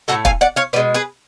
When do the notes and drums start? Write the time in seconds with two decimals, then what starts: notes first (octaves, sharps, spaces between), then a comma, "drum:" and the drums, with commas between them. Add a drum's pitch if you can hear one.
0.08 A2 F#3 A3 F#4 A4
0.25 F5 G#5, drum: kick
0.41 D5 F#5
0.56 C#5 F5
0.73 B2 G#3 B4 D5
0.94 G#4 B4